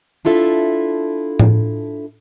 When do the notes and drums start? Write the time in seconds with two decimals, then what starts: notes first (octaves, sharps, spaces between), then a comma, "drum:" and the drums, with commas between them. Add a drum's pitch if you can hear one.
0.25 D4 E4 F4 A4 E5
1.39 drum: tom A2